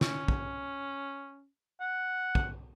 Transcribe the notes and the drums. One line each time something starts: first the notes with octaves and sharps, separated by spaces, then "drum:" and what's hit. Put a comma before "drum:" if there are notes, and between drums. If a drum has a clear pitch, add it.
C#4, drum: snare
drum: kick
F#5
drum: kick